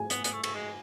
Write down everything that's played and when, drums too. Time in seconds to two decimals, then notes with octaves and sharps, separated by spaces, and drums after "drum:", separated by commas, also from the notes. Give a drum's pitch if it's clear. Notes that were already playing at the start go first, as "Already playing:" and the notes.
Already playing: G#4 G#5
0.10 B3, drum: hi-hat
0.24 B3, drum: hi-hat
0.33 A3
0.44 A3, drum: cymbal
0.55 G#3